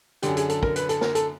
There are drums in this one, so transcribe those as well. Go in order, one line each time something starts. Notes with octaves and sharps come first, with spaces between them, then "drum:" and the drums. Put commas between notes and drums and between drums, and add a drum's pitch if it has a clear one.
F#2 D3 G4, drum: hi-hat
G#4, drum: hi-hat
A4, drum: hi-hat
A#4, drum: kick
B4, drum: hi-hat
A4, drum: hi-hat
A#4, drum: snare
A4, drum: hi-hat